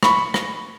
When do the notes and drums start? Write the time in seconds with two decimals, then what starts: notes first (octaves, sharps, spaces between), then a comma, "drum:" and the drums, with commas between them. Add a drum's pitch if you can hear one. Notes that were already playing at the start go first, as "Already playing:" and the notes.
0.03 B5 C#6, drum: rim click
0.34 drum: rim click